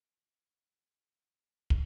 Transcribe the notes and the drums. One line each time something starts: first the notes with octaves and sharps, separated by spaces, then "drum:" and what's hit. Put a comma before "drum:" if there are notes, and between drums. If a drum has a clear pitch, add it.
B2 E4 A4
drum: kick